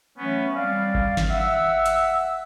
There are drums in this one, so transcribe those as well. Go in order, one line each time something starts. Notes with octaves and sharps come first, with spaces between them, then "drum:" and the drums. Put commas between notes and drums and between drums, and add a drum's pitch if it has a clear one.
E3 F#3 A3 B3 C#4
G3 C4 D5 F5
drum: kick G#1
drum: snare
E5 F#5 E6
drum: hi-hat